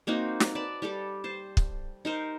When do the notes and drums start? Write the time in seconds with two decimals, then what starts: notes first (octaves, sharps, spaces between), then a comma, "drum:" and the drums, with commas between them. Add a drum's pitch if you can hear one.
0.07 A#3 C4 D#4 F#4
0.40 drum: snare
0.55 B4 D5 A5
0.82 G3 G4 A4 D6
1.24 C5 A5
1.57 drum: kick
2.05 D#4 A#4 C5